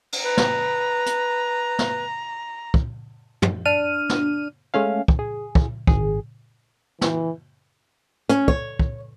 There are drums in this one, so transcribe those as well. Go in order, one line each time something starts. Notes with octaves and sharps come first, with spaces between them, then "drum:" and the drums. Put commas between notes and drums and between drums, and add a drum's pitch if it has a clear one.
drum: cymbal
B4 A#5
drum: snare
drum: hi-hat
drum: snare
drum: kick
drum: tom
D4 F6 D#7
drum: snare
G#3 A3 C#4 F5
drum: kick
G#4
drum: kick
G#1 G#4, drum: kick
E3, drum: snare
C#4, drum: hi-hat
C#5, drum: kick
drum: kick